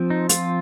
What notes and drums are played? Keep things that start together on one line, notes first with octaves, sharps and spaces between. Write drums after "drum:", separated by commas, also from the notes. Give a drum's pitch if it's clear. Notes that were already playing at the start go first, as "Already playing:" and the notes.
Already playing: F3 C4
D#4
F4, drum: hi-hat